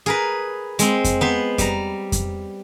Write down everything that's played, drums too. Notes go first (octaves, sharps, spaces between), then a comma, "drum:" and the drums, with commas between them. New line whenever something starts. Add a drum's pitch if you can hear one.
G#4 A#4 B4
G#3 C4, drum: hi-hat
drum: kick F2, hi-hat
B3 B4 C5
G3 A#5, drum: kick F2, hi-hat
drum: kick F2, hi-hat